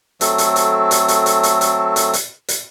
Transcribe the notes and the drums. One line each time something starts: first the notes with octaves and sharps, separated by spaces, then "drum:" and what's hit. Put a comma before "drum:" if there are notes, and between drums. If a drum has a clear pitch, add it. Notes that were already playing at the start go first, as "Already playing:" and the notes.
F#3 A3 C4 A4, drum: hi-hat
drum: hi-hat
drum: hi-hat
drum: hi-hat
drum: hi-hat
drum: hi-hat
drum: hi-hat
drum: hi-hat
drum: hi-hat
drum: hi-hat
drum: hi-hat